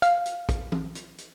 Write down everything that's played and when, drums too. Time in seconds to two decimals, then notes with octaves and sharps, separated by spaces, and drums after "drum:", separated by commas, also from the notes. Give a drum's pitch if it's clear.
0.02 F5, drum: hi-hat
0.26 drum: hi-hat
0.49 drum: kick, hi-hat
0.72 drum: tom E3
0.95 drum: hi-hat
1.18 drum: hi-hat